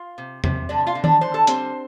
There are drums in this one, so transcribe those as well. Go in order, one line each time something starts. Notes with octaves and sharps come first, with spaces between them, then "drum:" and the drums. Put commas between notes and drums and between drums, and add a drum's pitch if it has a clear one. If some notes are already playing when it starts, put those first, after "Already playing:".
Already playing: F4 F5
C3
C3, drum: tom E2
D3 D4 D5
F4 F5
D3
D4 D5, drum: tom
D3 C5
A4
G3 C4 C5, drum: hi-hat